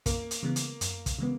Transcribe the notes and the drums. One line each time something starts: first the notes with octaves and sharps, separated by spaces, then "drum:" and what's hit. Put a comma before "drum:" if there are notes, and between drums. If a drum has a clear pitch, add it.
F#2 A#3, drum: kick, hi-hat
drum: hi-hat
C#3 E3 G#3 B3
drum: hi-hat
F#2, drum: hi-hat
drum: kick, hi-hat
C#3 E3 G#3 B3